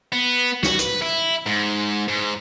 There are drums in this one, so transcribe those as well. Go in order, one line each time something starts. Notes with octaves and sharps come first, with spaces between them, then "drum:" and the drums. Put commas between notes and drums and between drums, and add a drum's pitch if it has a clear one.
B3
F#4, drum: snare
B4, drum: hi-hat
E4
G#2
G#2